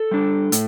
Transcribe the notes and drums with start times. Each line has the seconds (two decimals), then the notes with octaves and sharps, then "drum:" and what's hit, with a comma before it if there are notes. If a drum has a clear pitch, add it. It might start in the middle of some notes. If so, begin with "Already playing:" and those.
Already playing: A4
0.11 G3 D4
0.52 A2, drum: hi-hat